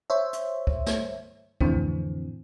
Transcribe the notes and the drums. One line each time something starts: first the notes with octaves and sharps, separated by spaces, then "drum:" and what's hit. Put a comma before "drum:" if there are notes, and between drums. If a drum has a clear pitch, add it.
C5 C#5 E5
drum: hi-hat
drum: kick
drum: snare
F2 A2 D3 E3 C4, drum: kick